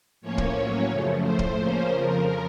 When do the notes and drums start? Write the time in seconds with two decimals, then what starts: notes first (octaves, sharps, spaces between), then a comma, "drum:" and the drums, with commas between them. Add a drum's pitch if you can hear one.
0.21 A2 F3 A#3 C#4 C#5
0.38 drum: kick
0.55 A2 F#3 A#3 C#4
0.88 F#2 C#3 F3 A3
1.22 A2 F3 A3 C5
1.39 drum: kick
1.56 C#3 F3 A#3 C#4
1.89 F2 C#3 F3 A#4